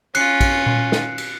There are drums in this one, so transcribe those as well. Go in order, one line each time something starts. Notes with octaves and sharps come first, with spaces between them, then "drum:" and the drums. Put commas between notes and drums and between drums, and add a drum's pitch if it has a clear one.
C#4 F4 F#6 C7 C#7, drum: cymbal
drum: kick, cymbal
drum: tom A#2
drum: snare
drum: cymbal